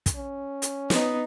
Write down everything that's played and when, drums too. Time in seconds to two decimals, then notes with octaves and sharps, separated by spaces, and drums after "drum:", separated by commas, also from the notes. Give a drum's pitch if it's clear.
0.06 drum: kick, hi-hat
0.16 C#4
0.62 drum: hi-hat
0.90 B3 D#4, drum: snare